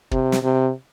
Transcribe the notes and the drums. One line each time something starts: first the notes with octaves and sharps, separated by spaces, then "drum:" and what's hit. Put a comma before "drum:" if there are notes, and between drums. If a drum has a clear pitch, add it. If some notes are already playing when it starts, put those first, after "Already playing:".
C3, drum: kick
drum: snare
C3